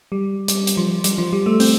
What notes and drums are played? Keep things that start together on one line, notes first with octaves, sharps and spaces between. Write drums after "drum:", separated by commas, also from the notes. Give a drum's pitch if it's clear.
G3
G3, drum: hi-hat
drum: hi-hat
F3
G3, drum: hi-hat
F3
G3
A3
C4, drum: open hi-hat